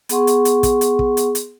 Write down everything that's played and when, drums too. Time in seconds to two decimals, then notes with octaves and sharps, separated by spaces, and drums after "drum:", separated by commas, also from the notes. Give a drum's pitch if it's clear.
0.09 B3 G#4 F#5 C6 C#6, drum: hi-hat
0.27 drum: hi-hat
0.45 drum: hi-hat
0.63 drum: kick, hi-hat
0.81 drum: hi-hat
0.99 drum: kick
1.17 drum: hi-hat
1.35 drum: hi-hat